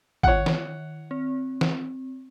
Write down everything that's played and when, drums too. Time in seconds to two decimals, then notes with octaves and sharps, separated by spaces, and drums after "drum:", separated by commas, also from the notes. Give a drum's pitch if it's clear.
0.23 D#3 C#5 F#5, drum: kick G#1
0.46 drum: snare
1.11 C4
1.61 drum: snare